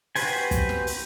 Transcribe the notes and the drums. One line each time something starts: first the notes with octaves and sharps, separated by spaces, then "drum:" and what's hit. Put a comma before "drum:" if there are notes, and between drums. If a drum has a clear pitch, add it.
F#4 G4 B4 C5 G#5, drum: open hi-hat
drum: kick, hi-hat
drum: snare
drum: open hi-hat